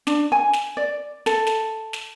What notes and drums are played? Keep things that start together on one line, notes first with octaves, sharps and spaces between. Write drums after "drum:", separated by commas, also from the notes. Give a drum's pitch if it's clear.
D4, drum: snare
G#5
drum: snare
D5
A4, drum: snare
drum: snare
drum: snare